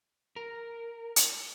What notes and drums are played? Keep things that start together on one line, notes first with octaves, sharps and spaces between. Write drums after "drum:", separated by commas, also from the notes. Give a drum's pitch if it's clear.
A#4
drum: hi-hat